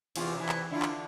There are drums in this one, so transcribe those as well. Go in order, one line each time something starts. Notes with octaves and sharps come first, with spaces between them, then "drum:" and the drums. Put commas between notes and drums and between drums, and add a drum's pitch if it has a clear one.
E2 C3 F4, drum: cymbal
C3 E3
drum: clap
D3 E4 F4
drum: clap